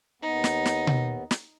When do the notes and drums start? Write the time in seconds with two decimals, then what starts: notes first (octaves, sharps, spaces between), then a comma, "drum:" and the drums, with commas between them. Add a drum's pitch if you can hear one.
0.22 D#2 B3 D#4
0.44 drum: snare
0.65 drum: snare
0.87 drum: tom B2
1.31 drum: snare